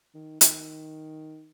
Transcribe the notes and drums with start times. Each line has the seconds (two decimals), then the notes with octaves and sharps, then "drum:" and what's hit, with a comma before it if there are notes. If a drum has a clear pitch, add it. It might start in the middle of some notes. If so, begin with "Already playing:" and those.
0.15 D#3
0.41 D#3, drum: hi-hat